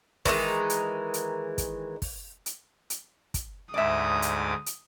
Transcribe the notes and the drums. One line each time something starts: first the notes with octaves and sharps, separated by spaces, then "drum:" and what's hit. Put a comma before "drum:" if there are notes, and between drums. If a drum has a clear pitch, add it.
D#3 E3 G#3 D#4, drum: kick, open hi-hat
drum: hi-hat
drum: hi-hat
drum: kick, hi-hat
drum: kick, open hi-hat
drum: hi-hat
drum: hi-hat
drum: kick, hi-hat
D2 G#2 D5 E5 D6 D#6
drum: hi-hat
drum: hi-hat